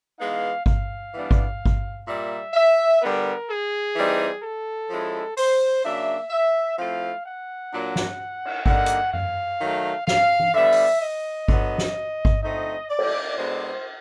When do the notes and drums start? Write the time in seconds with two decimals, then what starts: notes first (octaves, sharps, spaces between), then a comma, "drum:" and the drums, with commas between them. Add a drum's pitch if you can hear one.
0.19 E3 G#3 B3 D#4 F5
0.66 F5, drum: kick G#1
1.13 E3 G3 B3 D4
1.31 drum: kick G#1
1.66 drum: kick G#1
2.07 A#2 G3 A#3 E5
2.54 E5
3.01 D3 G3 B3 A#4
3.49 G#4
3.96 E3 G3 C4 D#4
4.42 A4
4.89 F3 G#3 C#4 E4
5.37 C5, drum: open hi-hat
5.83 C#3 F#3 A#3 D4 E5
6.30 E5
6.77 F3 A3 C4 E4 F5
7.25 F#5
7.72 A#2 F#3 A#3 D4
7.96 drum: snare
8.45 drum: cymbal
8.66 D3 G3 A#3 D#4 F#5, drum: kick G#1
8.86 drum: hi-hat
9.14 F5, drum: tom F#2
9.60 D#3 F#3 A3
10.07 F5, drum: snare
10.39 drum: tom E3
10.54 D3 G3 B3 E5
10.72 drum: open hi-hat
11.02 D#5
11.48 D3 F#3 B3, drum: kick G#1
11.78 drum: snare
12.25 drum: kick G#1
12.43 D3 F3 A3 C4 D#4 D#5
12.89 D5
12.99 drum: cymbal
13.37 B2 G#3 B3 D4 C5